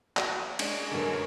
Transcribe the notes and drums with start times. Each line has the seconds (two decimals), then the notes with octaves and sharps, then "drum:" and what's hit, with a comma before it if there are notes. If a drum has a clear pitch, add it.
0.17 F#4, drum: clap
0.59 G#3 C#4 D4, drum: cymbal
0.91 F#2 D3 A#4 B4 C#5